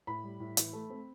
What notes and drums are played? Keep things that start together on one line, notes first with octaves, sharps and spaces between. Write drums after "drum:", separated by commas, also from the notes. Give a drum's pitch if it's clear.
A2 B5
G3
A2
E3, drum: hi-hat
A3
C4